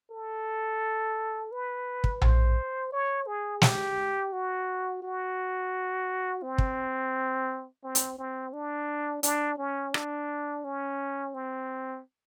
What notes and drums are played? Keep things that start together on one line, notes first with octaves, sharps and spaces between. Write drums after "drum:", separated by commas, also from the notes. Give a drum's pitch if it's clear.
A4
B4
drum: kick
C5, drum: tom A#1
C#5
G#4
G4, drum: snare
F#4
F#4
C4
drum: kick
C4
drum: hi-hat
C4
D4
D4, drum: hi-hat
C#4
D4, drum: rim click
C#4
C4